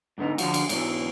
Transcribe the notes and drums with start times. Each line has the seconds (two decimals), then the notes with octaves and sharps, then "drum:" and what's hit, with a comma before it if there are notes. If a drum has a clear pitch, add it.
0.18 G#2 D3 B3 D#4
0.38 D3 F3 F4 F#4, drum: cymbal
0.54 drum: cymbal
0.69 G#2 B2 E3, drum: cymbal